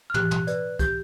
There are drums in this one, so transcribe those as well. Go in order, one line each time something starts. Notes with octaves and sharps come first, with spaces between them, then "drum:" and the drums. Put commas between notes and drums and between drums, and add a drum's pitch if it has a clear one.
F6
G4 F#6, drum: tom
drum: tom
B4 D5, drum: hi-hat
G4 G6, drum: kick C#2, hi-hat